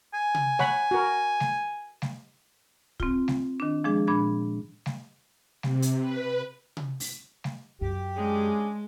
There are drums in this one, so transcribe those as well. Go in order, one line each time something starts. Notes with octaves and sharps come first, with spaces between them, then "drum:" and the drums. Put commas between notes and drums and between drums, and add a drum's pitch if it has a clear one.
G#5
drum: tom C3
C#5 F#5 B5, drum: snare G3
F#4 A#4
drum: snare G3
drum: snare G3
C4 F4, drum: kick
drum: snare G3
D#3 D4
F3 G#3 D4 G#4
A#2 D4 B5 G#6
drum: snare G3
C3, drum: snare G3
drum: hi-hat
B4
drum: tom C3
drum: open hi-hat
drum: snare G3
F#2 G4
C#3 G#3 D4 G#4